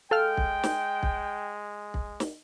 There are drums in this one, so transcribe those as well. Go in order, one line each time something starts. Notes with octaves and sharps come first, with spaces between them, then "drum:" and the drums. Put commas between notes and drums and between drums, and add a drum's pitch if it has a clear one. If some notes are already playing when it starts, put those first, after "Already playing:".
G#3 A4 F5 G5 F6
drum: kick
drum: snare
drum: kick
drum: kick
drum: snare